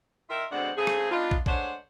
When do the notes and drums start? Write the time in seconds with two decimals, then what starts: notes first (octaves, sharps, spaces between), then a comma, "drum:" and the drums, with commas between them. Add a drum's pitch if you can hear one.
0.29 D#3 F4 A#4 E5
0.51 D2 B2 G#3 C4 D4 F#5
0.77 C#3 A3 C4 G#4
0.87 drum: rim click
1.10 B3 D4 D#4 F4
1.31 drum: kick
1.46 G#3 A3 D4 C5 C#5 F#5, drum: kick